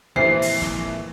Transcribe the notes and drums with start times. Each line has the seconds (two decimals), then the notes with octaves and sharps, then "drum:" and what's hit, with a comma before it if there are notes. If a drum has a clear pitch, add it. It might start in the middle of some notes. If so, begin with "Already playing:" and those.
0.16 F2 A#2 E3 C5 C7
0.42 drum: open hi-hat
0.61 drum: snare